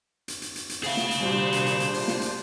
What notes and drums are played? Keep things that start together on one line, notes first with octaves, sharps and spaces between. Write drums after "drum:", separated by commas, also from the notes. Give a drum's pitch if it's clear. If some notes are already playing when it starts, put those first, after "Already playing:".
drum: hi-hat
drum: hi-hat
drum: hi-hat
drum: hi-hat
A3 B3 G#4 F5, drum: open hi-hat
drum: snare
drum: hi-hat
A#2 G3 D4 F#4 C5
drum: hi-hat
drum: hi-hat
drum: hi-hat
drum: open hi-hat
drum: snare
drum: hi-hat